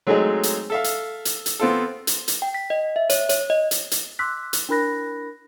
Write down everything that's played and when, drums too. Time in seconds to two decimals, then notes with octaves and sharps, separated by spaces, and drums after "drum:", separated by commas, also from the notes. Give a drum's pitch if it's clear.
0.07 F#3 G#3 A3 C4 D#4 G#4
0.43 drum: hi-hat
0.70 A4 E5 F5
0.84 drum: hi-hat
1.25 drum: hi-hat
1.46 drum: hi-hat
1.60 B3 C4 F4 A4
2.07 drum: hi-hat
2.28 drum: hi-hat
2.42 G5
2.54 B6
2.70 D#5
2.96 E5
3.10 C#5, drum: hi-hat
3.29 C#5, drum: hi-hat
3.50 D#5
3.71 drum: hi-hat
3.91 drum: hi-hat
4.19 C6 D6 E6 F#6 B6
4.53 drum: hi-hat
4.69 D4 E4 A#4 B5 F#6 A#6